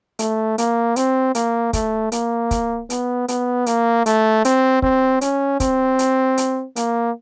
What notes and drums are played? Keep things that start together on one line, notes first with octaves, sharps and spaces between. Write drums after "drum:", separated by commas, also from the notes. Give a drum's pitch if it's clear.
A3, drum: hi-hat
A#3, drum: hi-hat
C4, drum: hi-hat
A#3, drum: hi-hat
A3, drum: kick, hi-hat
A#3, drum: hi-hat
drum: kick, hi-hat
B3, drum: hi-hat
B3, drum: hi-hat
A#3, drum: hi-hat
A3, drum: hi-hat
C4, drum: hi-hat
C4, drum: kick
C#4, drum: hi-hat
C4, drum: kick, hi-hat
drum: hi-hat
drum: hi-hat
A#3, drum: hi-hat